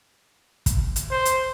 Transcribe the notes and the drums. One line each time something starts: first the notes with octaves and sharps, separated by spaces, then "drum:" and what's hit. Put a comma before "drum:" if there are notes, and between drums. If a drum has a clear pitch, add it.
drum: kick, hi-hat
drum: hi-hat
C5
drum: hi-hat